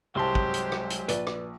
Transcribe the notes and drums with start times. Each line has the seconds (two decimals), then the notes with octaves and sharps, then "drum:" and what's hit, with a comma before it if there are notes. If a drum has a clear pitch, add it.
0.15 C2 F#3 G#3 G4 C5 A5 C6
0.35 drum: kick
0.54 drum: hi-hat
0.72 drum: rim click
0.90 drum: hi-hat
1.08 A#1 B4 D5, drum: hi-hat
1.27 drum: rim click